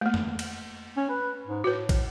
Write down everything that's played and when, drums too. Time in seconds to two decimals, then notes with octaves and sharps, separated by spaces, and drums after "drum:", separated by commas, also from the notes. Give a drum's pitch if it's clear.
0.01 A3 A#3
0.14 drum: tom F2
0.39 drum: cymbal
0.97 C#4
1.09 B4
1.47 G#2
1.64 A2 F#4 B4
1.89 drum: kick, cymbal